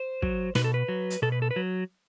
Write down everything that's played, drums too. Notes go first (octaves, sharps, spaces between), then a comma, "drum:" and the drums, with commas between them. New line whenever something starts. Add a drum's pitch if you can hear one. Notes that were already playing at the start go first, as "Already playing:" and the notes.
Already playing: C5
F#3, drum: kick
B2 B4, drum: snare
A4
B4
F#3
drum: hi-hat
B2 A4
B4
A4
B4
F#3